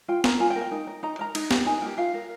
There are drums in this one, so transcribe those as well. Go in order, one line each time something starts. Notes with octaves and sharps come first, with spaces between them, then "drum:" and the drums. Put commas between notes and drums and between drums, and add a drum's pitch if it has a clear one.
F4 G5
A#4 A#5, drum: snare
F4 G#5
G5
A#4
G5
D#4
A#4
D#4 A#5
A#4 A#5
D#4, drum: cymbal
G4 A#4, drum: snare
D#4 G#5
G4 A#4 G5
F4 F5
A#4